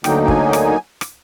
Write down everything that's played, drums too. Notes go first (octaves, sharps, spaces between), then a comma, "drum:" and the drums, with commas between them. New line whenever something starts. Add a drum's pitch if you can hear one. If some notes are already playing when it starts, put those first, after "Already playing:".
D2 D3 F#3 A#3 D#4 G5, drum: rim click
G5
G#5, drum: kick
G5
G#5, drum: rim click
drum: rim click